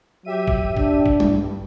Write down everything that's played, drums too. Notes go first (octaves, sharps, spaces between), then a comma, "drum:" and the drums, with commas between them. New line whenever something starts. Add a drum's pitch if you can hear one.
F#3 G4 E5 D#7
drum: kick
D4, drum: kick
drum: kick
drum: tom G3
G2